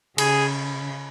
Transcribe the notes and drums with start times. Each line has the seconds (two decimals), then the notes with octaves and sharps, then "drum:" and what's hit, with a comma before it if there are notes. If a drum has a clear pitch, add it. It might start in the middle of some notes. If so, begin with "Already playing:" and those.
0.18 C#3 G#4, drum: cymbal